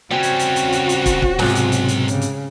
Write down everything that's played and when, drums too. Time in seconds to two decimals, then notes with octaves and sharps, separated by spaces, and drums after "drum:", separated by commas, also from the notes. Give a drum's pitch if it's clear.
0.11 C#3 G3 C4 C#4 F#4
0.23 drum: hi-hat
0.39 drum: hi-hat
0.56 drum: hi-hat
0.73 drum: hi-hat
0.89 drum: hi-hat
1.06 drum: kick, hi-hat
1.22 drum: kick
1.39 B1 G#2 C3, drum: snare
1.55 drum: hi-hat
1.72 drum: hi-hat
1.88 drum: hi-hat
2.08 C#3, drum: hi-hat
2.22 drum: hi-hat